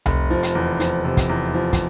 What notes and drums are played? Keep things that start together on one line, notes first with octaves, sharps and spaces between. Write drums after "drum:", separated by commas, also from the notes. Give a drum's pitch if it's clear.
F1, drum: tom C2
F3
drum: hi-hat
E2
F3, drum: hi-hat
C3
drum: kick, hi-hat
E2
F3
drum: kick, hi-hat